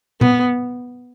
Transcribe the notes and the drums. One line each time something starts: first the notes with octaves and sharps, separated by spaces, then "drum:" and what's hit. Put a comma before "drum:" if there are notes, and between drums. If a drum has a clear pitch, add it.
B3, drum: tom A#2